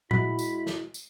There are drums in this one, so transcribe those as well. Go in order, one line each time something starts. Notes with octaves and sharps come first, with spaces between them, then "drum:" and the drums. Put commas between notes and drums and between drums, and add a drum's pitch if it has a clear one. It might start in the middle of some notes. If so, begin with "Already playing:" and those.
G#3 E4 F#4 B5, drum: tom A#2
drum: tambourine
drum: snare
drum: tambourine